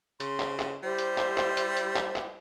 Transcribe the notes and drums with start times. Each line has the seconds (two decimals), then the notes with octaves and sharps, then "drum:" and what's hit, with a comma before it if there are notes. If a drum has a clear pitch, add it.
0.20 C#3 C6, drum: hi-hat
0.40 drum: clap
0.59 drum: clap
0.83 G3 E4 G4 C5
0.98 drum: hi-hat
1.18 drum: clap
1.38 drum: clap
1.57 drum: hi-hat
1.77 drum: hi-hat
1.96 drum: clap
2.16 drum: clap